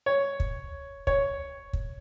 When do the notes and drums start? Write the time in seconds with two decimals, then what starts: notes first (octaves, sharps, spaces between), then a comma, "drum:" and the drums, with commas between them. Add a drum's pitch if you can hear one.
0.06 C#5
0.40 drum: kick
1.07 C#5, drum: kick
1.73 drum: kick